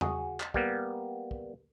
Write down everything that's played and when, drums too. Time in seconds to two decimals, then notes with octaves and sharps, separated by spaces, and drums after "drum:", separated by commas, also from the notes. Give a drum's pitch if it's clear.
0.01 F#4 G#4, drum: tom E2
0.40 drum: clap
0.54 G3 A#3 B3, drum: kick
1.31 drum: kick